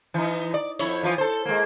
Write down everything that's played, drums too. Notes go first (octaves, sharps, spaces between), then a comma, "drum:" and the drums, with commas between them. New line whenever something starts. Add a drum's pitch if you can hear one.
E3 D#4
D5
F2 E4 C#5, drum: open hi-hat
E3 F3 F4
A4 C5
G#3 A#3